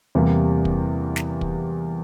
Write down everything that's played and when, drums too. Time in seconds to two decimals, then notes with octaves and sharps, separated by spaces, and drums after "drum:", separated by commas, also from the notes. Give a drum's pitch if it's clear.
0.15 E2 C3 E3 G3 A#3
0.65 drum: kick
1.16 drum: snare
1.41 drum: kick